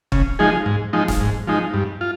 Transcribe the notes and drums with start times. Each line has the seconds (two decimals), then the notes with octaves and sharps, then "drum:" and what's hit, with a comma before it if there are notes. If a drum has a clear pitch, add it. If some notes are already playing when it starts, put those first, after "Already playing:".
0.12 C#3, drum: kick
0.39 F3 G#3 D#4 G#4
0.66 G#2
0.93 F3 G#3 D#4
1.08 drum: snare
1.20 G#2
1.47 F3 G#3 D#4
1.74 G2
2.01 F4